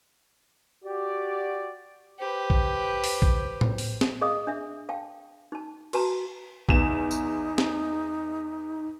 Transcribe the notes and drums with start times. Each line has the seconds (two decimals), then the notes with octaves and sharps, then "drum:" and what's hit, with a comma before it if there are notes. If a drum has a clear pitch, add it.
0.84 F#4 G4 D5
2.20 G4 B4 C5
2.50 drum: kick A#1
3.04 drum: open hi-hat
3.22 drum: kick A#1
3.61 drum: tom A2
3.78 drum: open hi-hat
4.01 drum: snare
4.21 G#4 D#5 F5 D#6
4.47 D4 E5
4.89 F5 G5 A5
5.52 D#4 A5
5.93 F#4 B4 A5 A#5, drum: cymbal
6.69 E2 D#4 E7, drum: kick A#1
7.11 drum: tambourine
7.58 drum: snare